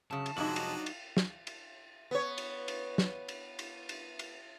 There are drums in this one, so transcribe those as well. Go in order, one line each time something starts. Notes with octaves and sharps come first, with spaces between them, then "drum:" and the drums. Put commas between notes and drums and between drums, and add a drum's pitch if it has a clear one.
F#2 C#3 A5
drum: cymbal
F2 C3 F#3 G#3 D4 D#4 F#4 F#7
drum: cymbal
drum: cymbal
drum: snare
drum: cymbal
B3 C#5
drum: cymbal
drum: cymbal
drum: snare
drum: cymbal
drum: cymbal
drum: cymbal
drum: cymbal